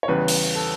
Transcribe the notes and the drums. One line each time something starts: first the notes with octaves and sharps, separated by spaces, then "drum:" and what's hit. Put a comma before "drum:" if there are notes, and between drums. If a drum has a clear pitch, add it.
C#5
E2 C#3 E3 G3 B4
drum: open hi-hat
A4